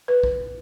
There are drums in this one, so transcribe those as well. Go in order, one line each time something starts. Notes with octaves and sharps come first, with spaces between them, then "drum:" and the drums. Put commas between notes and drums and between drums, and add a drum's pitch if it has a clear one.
B4
drum: kick